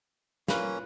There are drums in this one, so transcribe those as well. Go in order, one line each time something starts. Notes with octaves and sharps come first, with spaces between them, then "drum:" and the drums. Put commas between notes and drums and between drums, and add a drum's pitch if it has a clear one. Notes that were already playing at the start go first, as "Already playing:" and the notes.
A#3 C#4 F4 B4, drum: snare